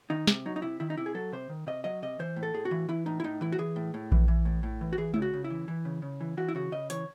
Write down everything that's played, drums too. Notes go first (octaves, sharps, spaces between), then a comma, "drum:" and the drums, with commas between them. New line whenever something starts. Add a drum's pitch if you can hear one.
D#3 D#4
C3, drum: snare
F#3 D#4
D#4
C3 E4
D#3 E4
D#4
C3 E4
G#4
F#3 A4
C3 C5
D#3
C3 D#5
F#3 D#5
C3 D#5
E3 C5
A2
A4
A2 G#4
F#4
E3
E3 E4
A2 D#4
E4
A2 D#4
E3 E4
F#4
E3 G#4
A2
A2
E3, drum: kick A#1
E3
A2
A2
E3
F#4
E3 G#4
C#3 E4, drum: tom G#3
F#4
C#3
E4
E3
E3
C#3
C#3
E3
E3 F#4
E4
C#3 F#4
C#3 D#5
E3 C#5, drum: hi-hat